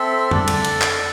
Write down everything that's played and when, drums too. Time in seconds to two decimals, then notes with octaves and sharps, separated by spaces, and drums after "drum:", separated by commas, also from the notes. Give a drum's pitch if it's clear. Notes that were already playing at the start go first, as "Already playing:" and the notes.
Already playing: C4 A4 E5
0.31 D4 A4 D5, drum: tom
0.48 drum: cymbal
0.65 drum: cymbal
0.81 drum: clap